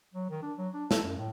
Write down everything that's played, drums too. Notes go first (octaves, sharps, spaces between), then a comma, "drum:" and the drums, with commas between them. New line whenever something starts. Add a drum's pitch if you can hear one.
F#3
D#3
D4
F#3
D4
A4, drum: snare
F#2
A2